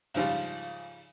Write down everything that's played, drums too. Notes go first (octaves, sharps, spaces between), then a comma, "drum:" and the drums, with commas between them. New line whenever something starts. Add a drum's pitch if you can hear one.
G#2 C#3 F3 G3 F4, drum: open hi-hat